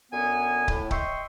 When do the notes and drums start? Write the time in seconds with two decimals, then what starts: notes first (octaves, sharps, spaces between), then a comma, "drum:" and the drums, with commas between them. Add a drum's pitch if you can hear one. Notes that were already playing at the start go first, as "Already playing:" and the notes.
0.12 F#2 D3 B3 G#5
0.68 A2, drum: kick
0.91 D#5 E5 G5 C6 C#6, drum: kick